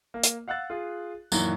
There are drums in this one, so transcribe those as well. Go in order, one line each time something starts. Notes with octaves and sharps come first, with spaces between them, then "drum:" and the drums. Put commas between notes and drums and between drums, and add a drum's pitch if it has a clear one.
A#3
drum: hi-hat
F5 F#5 E6 F#6 A6
F4 G#4
F#2 A#2 D#3 E3 F#3 A#3, drum: tambourine